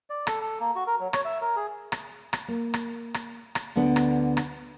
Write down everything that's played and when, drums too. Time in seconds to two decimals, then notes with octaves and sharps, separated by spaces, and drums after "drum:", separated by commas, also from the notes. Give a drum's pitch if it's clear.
0.10 D5
0.27 A4, drum: rim click
0.41 A4
0.60 A#3
0.75 F#4
0.87 A#4
1.00 F#3
1.13 C#5, drum: rim click
1.25 E5
1.41 A#4
1.56 G#4
1.92 drum: rim click
2.33 drum: rim click
2.48 A#3
2.74 drum: rim click
3.14 drum: rim click
3.55 drum: rim click
3.76 D2 D3 B3 D4
3.96 drum: rim click
4.37 drum: rim click